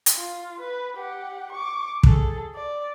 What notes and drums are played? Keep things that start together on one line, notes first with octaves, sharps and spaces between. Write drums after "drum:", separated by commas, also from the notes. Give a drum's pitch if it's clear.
drum: hi-hat
F4
B4
G4 F#5
C#6 D6
G#4 A4, drum: kick
D5